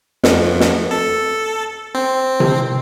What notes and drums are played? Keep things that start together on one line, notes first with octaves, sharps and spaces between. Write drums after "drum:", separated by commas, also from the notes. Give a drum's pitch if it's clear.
F2, drum: snare
drum: snare
A4
C4
drum: tom C3